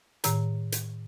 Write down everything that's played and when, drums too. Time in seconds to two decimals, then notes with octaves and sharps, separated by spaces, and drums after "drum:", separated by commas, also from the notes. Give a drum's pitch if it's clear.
0.24 A2 D#3 A#5, drum: hi-hat
0.72 drum: hi-hat